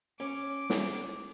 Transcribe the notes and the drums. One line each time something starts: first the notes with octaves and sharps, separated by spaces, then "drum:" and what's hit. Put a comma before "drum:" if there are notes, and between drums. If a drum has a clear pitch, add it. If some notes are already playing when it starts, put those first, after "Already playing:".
C#4 D6
drum: snare